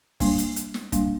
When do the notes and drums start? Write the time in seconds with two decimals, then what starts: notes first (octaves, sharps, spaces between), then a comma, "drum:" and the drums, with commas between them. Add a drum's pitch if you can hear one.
0.20 G3 A#3 D4, drum: kick, open hi-hat
0.38 drum: hi-hat
0.56 drum: hi-hat
0.74 drum: snare
0.92 G3 A#3 D4, drum: kick, hi-hat